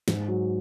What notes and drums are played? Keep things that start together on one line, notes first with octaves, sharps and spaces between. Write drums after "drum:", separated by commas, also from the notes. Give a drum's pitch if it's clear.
G#2, drum: snare
F#3